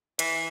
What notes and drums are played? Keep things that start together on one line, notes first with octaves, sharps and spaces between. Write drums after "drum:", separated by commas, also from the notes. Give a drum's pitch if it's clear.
E3, drum: hi-hat